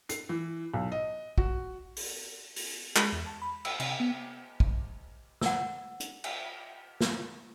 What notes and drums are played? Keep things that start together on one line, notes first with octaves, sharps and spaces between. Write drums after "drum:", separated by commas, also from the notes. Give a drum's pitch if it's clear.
C7, drum: hi-hat
E3
B1
D#5
F#4, drum: kick
drum: open hi-hat
drum: open hi-hat
G#3, drum: clap
E2
A5
B5
E6, drum: cymbal
C3, drum: cymbal
B3
drum: kick
F#5 E6, drum: snare
drum: hi-hat
drum: cymbal
drum: snare